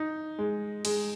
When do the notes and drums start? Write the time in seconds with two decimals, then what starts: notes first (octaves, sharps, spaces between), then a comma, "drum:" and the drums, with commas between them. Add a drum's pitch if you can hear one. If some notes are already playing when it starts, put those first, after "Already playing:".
Already playing: D#4
0.39 G#3
0.85 G#3, drum: cymbal